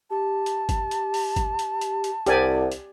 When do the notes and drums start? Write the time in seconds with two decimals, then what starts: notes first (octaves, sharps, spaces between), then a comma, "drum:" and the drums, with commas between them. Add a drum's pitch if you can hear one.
0.10 G4 A5
0.46 drum: hi-hat
0.69 drum: kick G1, hi-hat
0.91 drum: hi-hat
1.14 drum: open hi-hat
1.36 drum: kick G1, hi-hat
1.59 drum: hi-hat
1.81 drum: hi-hat
2.04 drum: hi-hat
2.26 C2 G4 D5 F#5 G#5, drum: hi-hat
2.72 drum: hi-hat